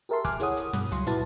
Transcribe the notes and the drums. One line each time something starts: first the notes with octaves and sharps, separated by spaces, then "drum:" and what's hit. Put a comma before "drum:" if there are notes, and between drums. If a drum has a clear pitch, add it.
G4 G#4 A#4 E5 A5 C6
G#5 D6 F6 F#6, drum: kick, hi-hat
E4 G#4 C#5 F#5 D#6, drum: hi-hat
drum: hi-hat
G2 B2, drum: snare
C#2 F#3 C6, drum: hi-hat
A#2 E4 F#4 B4 A5 A6, drum: hi-hat